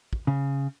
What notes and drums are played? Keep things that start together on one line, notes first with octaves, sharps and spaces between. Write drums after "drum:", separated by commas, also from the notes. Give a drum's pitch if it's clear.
drum: kick
C#3